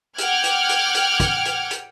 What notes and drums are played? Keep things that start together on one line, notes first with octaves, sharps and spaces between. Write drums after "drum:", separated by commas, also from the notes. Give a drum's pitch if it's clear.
F#5 G5 D6 F6 F#6 G#6, drum: hi-hat
drum: hi-hat
drum: hi-hat
drum: hi-hat
drum: kick, hi-hat
drum: hi-hat
drum: hi-hat